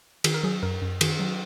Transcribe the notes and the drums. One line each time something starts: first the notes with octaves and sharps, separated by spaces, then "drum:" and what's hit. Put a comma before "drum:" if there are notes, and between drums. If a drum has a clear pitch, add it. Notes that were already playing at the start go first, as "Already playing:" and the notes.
D#3 G#4, drum: cymbal
A#4
F#3 G#4
F#2 A#4
F#2
D#3 G#4, drum: cymbal
F#3